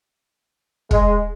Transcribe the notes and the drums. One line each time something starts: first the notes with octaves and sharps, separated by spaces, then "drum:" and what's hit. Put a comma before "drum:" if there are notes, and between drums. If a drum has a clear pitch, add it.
G#3, drum: kick